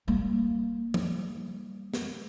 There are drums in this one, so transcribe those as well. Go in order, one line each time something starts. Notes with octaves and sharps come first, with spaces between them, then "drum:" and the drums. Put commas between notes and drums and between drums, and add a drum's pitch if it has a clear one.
G3 A#3
drum: tom F3
drum: snare